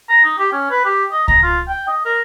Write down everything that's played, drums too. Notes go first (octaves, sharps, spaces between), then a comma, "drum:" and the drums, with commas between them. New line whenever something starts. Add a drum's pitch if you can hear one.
A#5
D#4
G4
C#4
B4
G4
D#5
A#5, drum: kick C#2
F4
G5
D#5
A#4